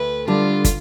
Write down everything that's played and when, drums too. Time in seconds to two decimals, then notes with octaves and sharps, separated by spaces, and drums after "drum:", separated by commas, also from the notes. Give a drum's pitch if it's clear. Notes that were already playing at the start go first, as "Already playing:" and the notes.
Already playing: D2 B4
0.27 D3 G3 F4
0.64 drum: kick, hi-hat